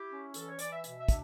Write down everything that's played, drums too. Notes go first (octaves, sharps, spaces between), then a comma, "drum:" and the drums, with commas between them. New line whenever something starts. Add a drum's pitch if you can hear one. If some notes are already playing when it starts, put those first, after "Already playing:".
Already playing: E4 G4
C#4
E3 A4, drum: hi-hat
C#5
E3 D5, drum: hi-hat
E5
B2 E5, drum: hi-hat
E5
D4, drum: kick, hi-hat